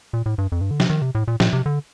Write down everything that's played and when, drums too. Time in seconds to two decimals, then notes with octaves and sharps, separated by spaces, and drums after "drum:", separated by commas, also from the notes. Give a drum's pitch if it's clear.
0.13 A#2
0.26 A2
0.38 G2
0.52 F2
0.61 G2
0.71 D3
0.80 C3, drum: snare F3
0.90 D#3
1.02 C3
1.15 A2
1.28 A#2
1.40 A#2, drum: snare F3
1.53 C3
1.66 D3